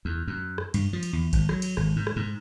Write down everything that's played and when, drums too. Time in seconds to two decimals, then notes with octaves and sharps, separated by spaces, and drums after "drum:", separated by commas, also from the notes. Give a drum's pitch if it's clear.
0.05 E2
0.27 F#2
0.58 drum: rim click
0.74 G2, drum: cymbal
0.93 F3
1.03 drum: cymbal
1.13 E2
1.33 G#1, drum: kick A#1, cymbal
1.49 F#3, drum: rim click
1.62 drum: cymbal
1.77 G#1, drum: rim click
1.96 G#2
2.07 drum: rim click
2.16 G#2